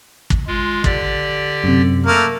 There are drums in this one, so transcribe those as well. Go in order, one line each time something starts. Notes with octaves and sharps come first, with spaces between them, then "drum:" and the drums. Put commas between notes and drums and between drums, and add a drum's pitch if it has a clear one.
drum: kick
G#3 F4
D3 G4 D5, drum: kick
F#2 C3
A3 A#3 F6